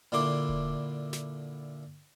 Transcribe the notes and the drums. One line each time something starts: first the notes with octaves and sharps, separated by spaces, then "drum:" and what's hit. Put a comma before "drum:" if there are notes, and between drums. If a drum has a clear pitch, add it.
A#2 D3 E4 C6 D6
drum: kick E1
drum: snare